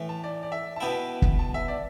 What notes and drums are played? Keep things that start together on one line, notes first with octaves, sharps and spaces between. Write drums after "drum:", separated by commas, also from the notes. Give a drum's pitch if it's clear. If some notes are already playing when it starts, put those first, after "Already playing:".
Already playing: A2 E3 A3
A5
D5
D5
E5
A5
B2 B3 E4 G5
drum: kick
A5
E5
D5